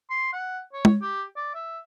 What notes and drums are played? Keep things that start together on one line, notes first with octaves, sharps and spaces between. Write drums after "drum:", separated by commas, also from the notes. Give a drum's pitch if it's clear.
C6
F#5
C#5
drum: tom G#3
G4
D5
E5